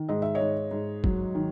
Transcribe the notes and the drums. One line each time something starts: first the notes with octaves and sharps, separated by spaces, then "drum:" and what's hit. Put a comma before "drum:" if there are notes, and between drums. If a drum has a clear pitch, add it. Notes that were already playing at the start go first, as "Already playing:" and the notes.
Already playing: D#3
G#2 D#5
E5
C#5 D#5
G#2
G#2
F#3, drum: kick
D#3